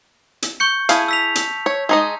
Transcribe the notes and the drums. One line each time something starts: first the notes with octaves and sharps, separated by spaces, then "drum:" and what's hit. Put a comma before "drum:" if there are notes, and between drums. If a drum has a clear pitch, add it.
drum: hi-hat
C#6 G6 C#7
E4 G#4 F5 A5, drum: hi-hat
E6 B6 F7
drum: hi-hat
C#5
G#3 D#4 D#5